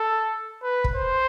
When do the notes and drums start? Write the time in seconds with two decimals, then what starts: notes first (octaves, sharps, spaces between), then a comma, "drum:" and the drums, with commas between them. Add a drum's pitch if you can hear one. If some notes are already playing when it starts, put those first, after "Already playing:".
Already playing: A4
0.63 B4
0.84 drum: kick
0.96 C5